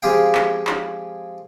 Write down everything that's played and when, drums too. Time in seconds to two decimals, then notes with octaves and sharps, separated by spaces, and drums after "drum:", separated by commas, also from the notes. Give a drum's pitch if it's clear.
0.02 F2 G#3 G4 G#4 F5 G5
0.35 drum: clap
0.67 drum: clap